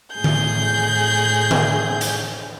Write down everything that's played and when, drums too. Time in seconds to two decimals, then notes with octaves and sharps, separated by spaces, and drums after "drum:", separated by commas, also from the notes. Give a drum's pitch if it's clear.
0.14 A2 G#4 G6
0.24 drum: tom D3
1.51 drum: tom D3
2.01 drum: hi-hat